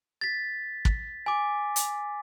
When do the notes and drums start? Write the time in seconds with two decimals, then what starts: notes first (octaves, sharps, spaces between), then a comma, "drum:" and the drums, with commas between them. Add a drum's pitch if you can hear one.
0.21 A6 B6
0.85 drum: kick
1.26 G#5 D6
1.76 drum: hi-hat